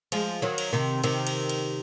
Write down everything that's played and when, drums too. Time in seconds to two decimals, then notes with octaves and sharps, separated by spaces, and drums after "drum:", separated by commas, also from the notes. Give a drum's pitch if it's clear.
0.12 F3 G#3, drum: cymbal
0.42 D#3 F#3
0.58 drum: cymbal
0.73 C3 D#3
1.04 C3 D#3, drum: cymbal
1.27 drum: cymbal
1.49 drum: cymbal